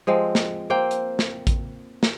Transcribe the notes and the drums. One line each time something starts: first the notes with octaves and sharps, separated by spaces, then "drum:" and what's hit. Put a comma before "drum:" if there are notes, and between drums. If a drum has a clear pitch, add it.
F3 G#3 C4
drum: snare
A#3 C4 G5
drum: hi-hat
drum: snare
drum: kick A1, hi-hat
drum: snare